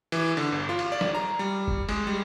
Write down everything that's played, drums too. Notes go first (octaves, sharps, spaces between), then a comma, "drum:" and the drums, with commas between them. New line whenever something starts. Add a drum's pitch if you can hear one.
E3, drum: cymbal
D3, drum: cymbal
G1
F4
drum: cymbal
D5
drum: snare
A#5
G3
drum: kick
G#3, drum: cymbal
G3